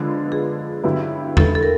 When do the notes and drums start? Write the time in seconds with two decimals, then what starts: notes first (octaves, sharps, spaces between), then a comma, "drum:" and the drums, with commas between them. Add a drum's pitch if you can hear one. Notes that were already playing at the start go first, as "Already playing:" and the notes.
Already playing: D3 F3 G#3 B3 D4
0.32 G#4
0.84 G2 D3 F#3 B3 E4
1.37 A4, drum: tom E2
1.55 A4
1.63 A#4